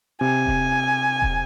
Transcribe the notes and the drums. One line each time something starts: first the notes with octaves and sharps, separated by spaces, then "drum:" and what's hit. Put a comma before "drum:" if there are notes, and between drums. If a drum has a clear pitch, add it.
C3 G#5
drum: kick D#1
drum: kick D#1